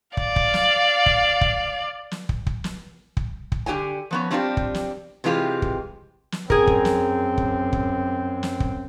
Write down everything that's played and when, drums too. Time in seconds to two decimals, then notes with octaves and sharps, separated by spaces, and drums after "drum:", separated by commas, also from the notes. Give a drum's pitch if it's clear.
0.17 D5 F5, drum: kick
0.36 drum: kick
0.54 drum: snare
1.06 drum: kick
1.41 drum: kick
2.11 drum: snare
2.29 drum: kick
2.47 drum: kick
2.64 drum: snare
3.17 drum: kick
3.52 drum: kick
3.66 D3 G4 C5 G5 G#5
4.11 F3 B3 C#4
4.31 G3 C4 D4 E4 F4 G4
4.57 drum: kick
4.74 drum: snare
5.24 C3 E3 G#3 F4 G4
5.62 drum: kick
6.32 drum: snare
6.50 F#2 C4 G#4 A#4, drum: kick
6.67 drum: kick
6.85 drum: snare
7.38 drum: kick
7.73 drum: kick
8.43 drum: snare
8.60 drum: kick